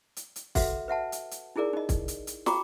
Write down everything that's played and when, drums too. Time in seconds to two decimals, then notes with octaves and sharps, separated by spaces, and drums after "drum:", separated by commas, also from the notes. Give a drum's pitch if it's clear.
0.16 drum: hi-hat
0.36 drum: hi-hat
0.55 F#4 A4 B4 E5 F#5, drum: kick, open hi-hat
0.88 B4 E5 F#5 A5
1.12 drum: hi-hat
1.31 drum: hi-hat
1.56 D#4 E4 G#4 A#4 D5
1.73 D#4 D#5
1.89 drum: kick, hi-hat
2.08 drum: hi-hat
2.27 drum: hi-hat
2.46 F#4 G5 A#5 B5 C#6 D6, drum: snare